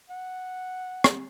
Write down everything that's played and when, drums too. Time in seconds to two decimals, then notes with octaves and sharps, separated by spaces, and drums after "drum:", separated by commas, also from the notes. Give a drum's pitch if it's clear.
0.10 F#5
1.04 drum: rim click